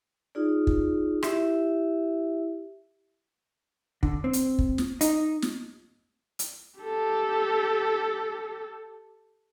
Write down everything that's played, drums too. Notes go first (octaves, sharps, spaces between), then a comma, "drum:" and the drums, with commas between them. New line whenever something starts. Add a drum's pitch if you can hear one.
D#4 F4 G#4 D5
drum: kick
E4 G4 E5, drum: rim click
D3, drum: kick
C4
drum: hi-hat
drum: kick
drum: snare
D#4, drum: hi-hat
drum: snare
drum: hi-hat
G4 A4